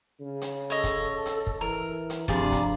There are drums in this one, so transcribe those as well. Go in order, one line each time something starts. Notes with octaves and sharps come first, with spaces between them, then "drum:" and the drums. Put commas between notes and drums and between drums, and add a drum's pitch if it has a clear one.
C#3
drum: hi-hat
A4 C#5 D#5
drum: kick, hi-hat
drum: hi-hat
drum: kick
E3 A#4
drum: hi-hat
G2 C3 F3 G#4 D5 A#5, drum: kick
drum: kick, hi-hat